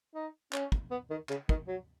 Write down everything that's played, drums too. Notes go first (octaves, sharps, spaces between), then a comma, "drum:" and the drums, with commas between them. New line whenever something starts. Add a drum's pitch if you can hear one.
D#4
C#4, drum: clap
drum: kick
B3
D#3
C#3, drum: clap
D#3, drum: kick
F#3